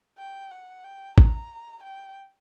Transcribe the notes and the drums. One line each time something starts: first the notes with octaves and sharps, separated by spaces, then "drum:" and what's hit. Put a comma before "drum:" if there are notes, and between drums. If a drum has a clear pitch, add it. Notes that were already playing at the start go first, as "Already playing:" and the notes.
G5
F#5
G5
A#5, drum: kick A1
G5